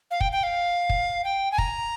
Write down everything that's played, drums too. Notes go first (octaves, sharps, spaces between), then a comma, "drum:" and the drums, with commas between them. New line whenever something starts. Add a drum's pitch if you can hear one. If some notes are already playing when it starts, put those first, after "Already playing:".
F5
G5, drum: kick
G5
F5
drum: kick
G5
G#5
A#5, drum: kick